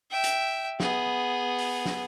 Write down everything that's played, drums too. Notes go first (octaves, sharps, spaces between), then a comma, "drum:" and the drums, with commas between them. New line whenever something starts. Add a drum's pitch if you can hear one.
E5 G5
drum: hi-hat
B3 G#4, drum: snare
drum: open hi-hat
drum: snare